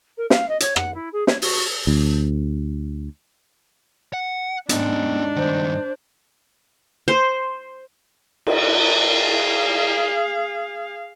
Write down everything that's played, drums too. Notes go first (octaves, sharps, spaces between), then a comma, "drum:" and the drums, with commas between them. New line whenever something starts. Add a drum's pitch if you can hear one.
A#4
F5, drum: snare
D#5
C#5, drum: hi-hat
F#5, drum: rim click
E4
G#4
C#5, drum: snare
F#4, drum: open hi-hat
D2
F#5
D#2 G#2 B3 C#4 D4, drum: hi-hat
G2 D#3 C5
C5
drum: cymbal
G#4 F5